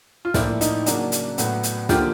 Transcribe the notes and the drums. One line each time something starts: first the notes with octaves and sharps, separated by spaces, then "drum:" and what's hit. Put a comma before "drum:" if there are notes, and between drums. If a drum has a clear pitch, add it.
F4
A2 F3 A#3 D4 E4, drum: snare
D#4, drum: hi-hat
C#3 F#3 A#3 D4, drum: hi-hat
drum: hi-hat
A2 F#3 B3, drum: hi-hat
drum: hi-hat
D3 F3 A#3 F4 G4, drum: snare